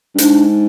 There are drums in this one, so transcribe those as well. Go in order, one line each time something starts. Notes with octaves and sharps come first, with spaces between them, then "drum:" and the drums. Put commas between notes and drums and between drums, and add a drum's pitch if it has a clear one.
G2
G#2 D4, drum: hi-hat